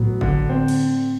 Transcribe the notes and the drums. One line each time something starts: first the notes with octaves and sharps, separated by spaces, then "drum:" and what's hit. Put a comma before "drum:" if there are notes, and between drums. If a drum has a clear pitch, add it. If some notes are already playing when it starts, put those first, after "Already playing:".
Already playing: A2 F#3 B3
D3, drum: kick G1
C4
drum: cymbal